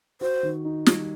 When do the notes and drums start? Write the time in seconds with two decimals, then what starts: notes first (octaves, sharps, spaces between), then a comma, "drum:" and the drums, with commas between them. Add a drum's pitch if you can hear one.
0.21 F#4 C5
0.43 D#3
0.65 D#4
0.86 G3, drum: snare